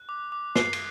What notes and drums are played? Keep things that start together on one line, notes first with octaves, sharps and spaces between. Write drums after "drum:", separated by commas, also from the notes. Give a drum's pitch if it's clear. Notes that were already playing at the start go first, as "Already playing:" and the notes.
Already playing: F#6
D6
D6
F#6 C7, drum: snare
drum: cymbal